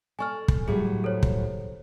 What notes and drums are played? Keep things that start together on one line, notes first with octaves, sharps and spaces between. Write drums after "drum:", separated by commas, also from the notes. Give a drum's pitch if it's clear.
A4 D5 G#5 C#6 F6
drum: kick
A2 F#3 G3 G#4
A4 C5 C#5
drum: kick